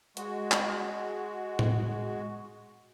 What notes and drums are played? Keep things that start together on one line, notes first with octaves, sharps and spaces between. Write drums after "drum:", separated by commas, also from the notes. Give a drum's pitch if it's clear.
G#3 F#4, drum: hi-hat
drum: clap
drum: tom A2